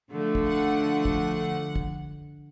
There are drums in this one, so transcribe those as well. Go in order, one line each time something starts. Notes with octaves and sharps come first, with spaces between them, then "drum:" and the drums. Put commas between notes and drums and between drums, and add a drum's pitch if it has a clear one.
D3 F3 A3
drum: kick
F#5
drum: kick
drum: kick